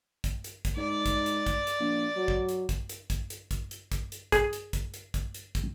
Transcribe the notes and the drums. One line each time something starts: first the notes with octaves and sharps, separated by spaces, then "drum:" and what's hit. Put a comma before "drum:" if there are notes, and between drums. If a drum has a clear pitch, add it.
drum: kick, hi-hat
drum: hi-hat
drum: kick, hi-hat
G#2 D5
drum: kick, hi-hat
drum: hi-hat
drum: kick, hi-hat
drum: hi-hat
A#1
F#3
drum: kick
drum: hi-hat
drum: kick, hi-hat
drum: hi-hat
drum: kick, hi-hat
drum: hi-hat
drum: kick, hi-hat
drum: hi-hat
drum: kick, hi-hat
drum: hi-hat
G#4, drum: kick, hi-hat
drum: hi-hat
drum: kick, hi-hat
drum: hi-hat
drum: kick, hi-hat
drum: hi-hat
drum: kick, hi-hat